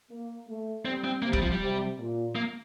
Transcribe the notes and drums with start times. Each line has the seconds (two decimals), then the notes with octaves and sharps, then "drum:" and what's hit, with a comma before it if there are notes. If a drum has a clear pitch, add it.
0.11 A#3
0.48 A3
0.85 G3 C4
1.04 C4
1.22 C3 A#3
1.33 G3, drum: kick
1.42 F3
1.51 G3
1.61 C3
1.98 A#2
2.35 A#3